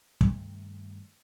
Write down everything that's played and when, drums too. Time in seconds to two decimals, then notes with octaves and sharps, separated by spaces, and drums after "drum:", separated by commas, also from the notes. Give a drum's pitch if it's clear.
0.21 G2 C3 D#3 A3, drum: kick